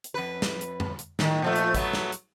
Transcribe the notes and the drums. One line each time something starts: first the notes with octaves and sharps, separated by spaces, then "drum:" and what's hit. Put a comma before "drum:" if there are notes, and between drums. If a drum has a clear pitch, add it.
drum: hi-hat
F2 B4
drum: snare
drum: hi-hat
drum: tom F2
drum: hi-hat
A2 D#3, drum: snare
A#2 F3 A3
drum: hi-hat
F#3 A3 B3, drum: kick, hi-hat
drum: snare
drum: hi-hat